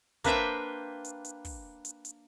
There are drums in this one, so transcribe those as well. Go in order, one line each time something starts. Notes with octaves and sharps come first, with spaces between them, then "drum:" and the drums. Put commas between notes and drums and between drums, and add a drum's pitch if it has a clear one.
A#3 D4 B4 C5 E5 G5, drum: kick, hi-hat
drum: hi-hat
drum: hi-hat
drum: kick, open hi-hat
drum: hi-hat
drum: hi-hat